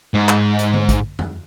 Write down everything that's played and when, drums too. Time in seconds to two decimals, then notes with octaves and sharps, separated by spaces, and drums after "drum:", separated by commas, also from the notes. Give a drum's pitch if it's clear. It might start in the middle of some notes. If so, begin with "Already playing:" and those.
0.14 G#2
0.29 drum: clap
0.59 drum: hi-hat
0.74 drum: tom D3
0.89 drum: kick, hi-hat
1.19 drum: tom F2